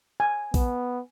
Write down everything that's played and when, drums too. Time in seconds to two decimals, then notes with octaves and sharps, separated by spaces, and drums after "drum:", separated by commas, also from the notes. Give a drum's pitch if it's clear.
0.20 G#5
0.54 B3, drum: kick A#1, open hi-hat